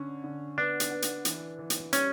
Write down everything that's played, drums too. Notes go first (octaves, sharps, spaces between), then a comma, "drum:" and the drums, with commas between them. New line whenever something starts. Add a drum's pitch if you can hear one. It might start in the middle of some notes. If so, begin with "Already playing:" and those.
Already playing: D3 C#4
D3
B3 D4
drum: hi-hat
B3
drum: hi-hat
E3, drum: hi-hat
E3
drum: hi-hat
G3 C#4, drum: hi-hat